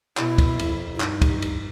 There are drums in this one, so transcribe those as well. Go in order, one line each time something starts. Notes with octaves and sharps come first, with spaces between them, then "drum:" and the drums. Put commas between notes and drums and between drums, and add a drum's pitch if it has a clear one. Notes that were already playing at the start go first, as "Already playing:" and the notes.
B2 E4, drum: clap
drum: kick, cymbal
F2, drum: cymbal
E4
G2 D#4, drum: clap
drum: kick, cymbal
drum: cymbal